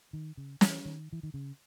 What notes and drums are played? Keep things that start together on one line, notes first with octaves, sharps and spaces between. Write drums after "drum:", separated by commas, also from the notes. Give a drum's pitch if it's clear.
D#3
C#3
E3, drum: snare
D#3
E3
D#3
C#3